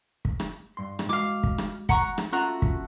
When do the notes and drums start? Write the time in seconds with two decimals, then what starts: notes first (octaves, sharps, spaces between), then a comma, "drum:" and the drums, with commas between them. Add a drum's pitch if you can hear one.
0.25 drum: kick
0.40 drum: rim click
0.77 G2 C6
0.99 drum: rim click
1.09 G#3 E4 F#4 F5 D6
1.43 drum: kick
1.58 drum: rim click
1.89 F#5 A#5 C#6, drum: kick
2.18 drum: rim click
2.32 A3 C#4 F4 F#4 A#5
2.62 drum: kick